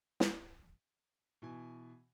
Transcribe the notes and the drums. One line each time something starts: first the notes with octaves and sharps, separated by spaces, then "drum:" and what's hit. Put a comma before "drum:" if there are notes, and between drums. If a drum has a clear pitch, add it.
drum: snare
B2 E3 G#5